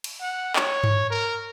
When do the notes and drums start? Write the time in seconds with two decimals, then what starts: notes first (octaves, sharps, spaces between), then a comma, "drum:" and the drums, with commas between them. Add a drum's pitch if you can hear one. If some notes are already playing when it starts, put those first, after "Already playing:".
0.04 drum: cymbal
0.21 F#5
0.56 C#5, drum: clap
0.84 drum: tom G2
1.10 A#4